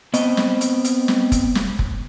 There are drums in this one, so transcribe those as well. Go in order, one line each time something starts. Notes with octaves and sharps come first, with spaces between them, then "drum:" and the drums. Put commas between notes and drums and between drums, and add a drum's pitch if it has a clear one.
B3 C4 D#5, drum: hi-hat
drum: snare
drum: hi-hat
drum: hi-hat
drum: snare
drum: kick F1, hi-hat
drum: snare
drum: kick F1